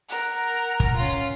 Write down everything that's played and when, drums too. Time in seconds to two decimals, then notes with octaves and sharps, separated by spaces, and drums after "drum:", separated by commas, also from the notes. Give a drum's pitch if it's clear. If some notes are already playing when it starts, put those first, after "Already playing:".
0.10 A#4 F#5
0.80 drum: kick
0.97 C#4 F4